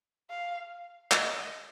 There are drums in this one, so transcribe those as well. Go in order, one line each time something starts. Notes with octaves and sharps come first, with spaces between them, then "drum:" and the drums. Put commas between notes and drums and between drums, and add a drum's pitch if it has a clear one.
F5
D#5, drum: clap